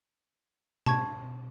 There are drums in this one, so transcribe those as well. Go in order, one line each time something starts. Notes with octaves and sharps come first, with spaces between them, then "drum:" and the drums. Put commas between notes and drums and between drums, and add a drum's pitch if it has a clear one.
A5 C#6 G#6, drum: tom B2